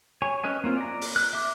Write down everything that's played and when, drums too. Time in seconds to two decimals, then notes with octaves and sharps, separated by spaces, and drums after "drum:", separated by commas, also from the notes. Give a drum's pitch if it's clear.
0.22 C#5 G#5
0.44 C#4 B4 D#5 G#5
0.64 A#3 C4 F4
0.77 D5 A#5
1.01 drum: open hi-hat
1.16 F#6
1.33 E5 D6